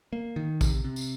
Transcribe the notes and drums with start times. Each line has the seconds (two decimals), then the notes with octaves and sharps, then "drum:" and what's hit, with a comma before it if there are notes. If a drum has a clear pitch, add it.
0.13 A#3
0.36 D#3
0.61 C3, drum: kick A#1, tambourine
0.84 C3
0.96 drum: tambourine